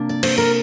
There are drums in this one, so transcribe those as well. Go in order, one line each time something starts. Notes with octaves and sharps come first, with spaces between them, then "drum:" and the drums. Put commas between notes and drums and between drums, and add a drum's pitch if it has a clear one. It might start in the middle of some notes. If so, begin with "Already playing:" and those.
Already playing: C3 A#3 D4
D5
C5, drum: cymbal
A#4